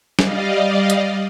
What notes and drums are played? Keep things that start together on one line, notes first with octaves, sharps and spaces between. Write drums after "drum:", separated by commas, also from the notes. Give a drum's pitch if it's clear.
G3 D5 D#5 F5, drum: snare
drum: hi-hat